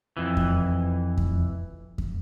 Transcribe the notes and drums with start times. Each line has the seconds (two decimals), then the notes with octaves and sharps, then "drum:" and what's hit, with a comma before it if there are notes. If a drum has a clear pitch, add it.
0.17 F2 E3
0.37 drum: kick E2
1.18 drum: kick E2
1.98 drum: kick E2